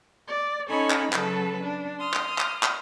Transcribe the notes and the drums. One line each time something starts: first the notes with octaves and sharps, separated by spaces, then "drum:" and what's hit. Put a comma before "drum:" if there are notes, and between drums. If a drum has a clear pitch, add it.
D5
C#4 D#4 A4 C#5 G#5 B5
drum: clap
C#3 F#3 A4 B4 A5, drum: clap
D4
C6 D#6 F6
drum: clap
drum: clap
drum: clap